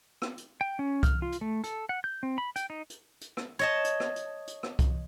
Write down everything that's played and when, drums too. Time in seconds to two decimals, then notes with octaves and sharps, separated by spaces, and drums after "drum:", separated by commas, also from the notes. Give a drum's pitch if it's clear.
0.22 drum: rim click
0.38 drum: hi-hat
0.61 G5
0.79 C#4
1.03 F6, drum: kick C2, hi-hat
1.22 F4
1.32 drum: hi-hat
1.41 A3
1.64 A4, drum: hi-hat
1.89 F#5
2.04 G6
2.23 C4
2.38 B5
2.56 G5, drum: hi-hat
2.70 D#4
2.90 drum: hi-hat
3.21 drum: hi-hat
3.37 drum: rim click
3.59 C#5 D#5 A5
3.84 drum: hi-hat
4.00 drum: rim click
4.16 drum: hi-hat
4.47 drum: hi-hat
4.63 drum: rim click
4.79 drum: kick C2, hi-hat